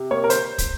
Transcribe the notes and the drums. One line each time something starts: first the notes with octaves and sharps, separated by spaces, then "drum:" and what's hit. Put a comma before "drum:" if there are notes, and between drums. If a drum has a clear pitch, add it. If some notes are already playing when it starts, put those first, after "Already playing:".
Already playing: C3
A#3 C#5
A#4
C5, drum: hi-hat
drum: kick, hi-hat